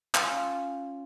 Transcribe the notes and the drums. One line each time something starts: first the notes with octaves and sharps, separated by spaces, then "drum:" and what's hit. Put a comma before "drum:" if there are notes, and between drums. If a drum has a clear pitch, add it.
C#4 F4, drum: clap